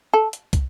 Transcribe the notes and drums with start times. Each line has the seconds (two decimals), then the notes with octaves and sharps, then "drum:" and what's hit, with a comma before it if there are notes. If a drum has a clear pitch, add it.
0.14 A4
0.33 drum: hi-hat
0.53 drum: kick, hi-hat